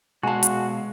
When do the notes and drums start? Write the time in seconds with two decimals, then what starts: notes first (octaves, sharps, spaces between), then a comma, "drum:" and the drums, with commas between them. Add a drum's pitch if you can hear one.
0.23 B2 G#3 F#4 F5 G#5 A5
0.43 drum: hi-hat